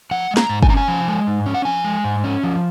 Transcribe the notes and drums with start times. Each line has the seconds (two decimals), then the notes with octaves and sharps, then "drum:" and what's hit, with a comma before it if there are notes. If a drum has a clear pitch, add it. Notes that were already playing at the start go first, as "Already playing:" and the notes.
0.11 F3 F#5
0.31 G#3
0.37 A#5, drum: snare
0.49 G#2
0.63 G#5, drum: kick
0.69 C#4 A#5
0.77 G#5
0.88 F3
1.08 G#3
1.27 G#2
1.46 C#4
1.54 F#5
1.65 F3 G#5
1.84 G#3
2.04 G#2
2.24 C#4
2.43 F3